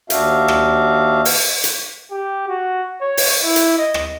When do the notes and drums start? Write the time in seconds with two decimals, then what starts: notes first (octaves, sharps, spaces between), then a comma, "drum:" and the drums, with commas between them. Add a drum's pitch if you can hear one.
0.10 D#2 D4 F#4 E5 F5, drum: hi-hat
0.48 drum: rim click
1.25 drum: open hi-hat
1.64 drum: hi-hat
2.11 G4
2.48 F#4
3.01 C#5
3.17 drum: open hi-hat
3.43 E4
3.56 drum: hi-hat
3.77 D#5
3.94 drum: rim click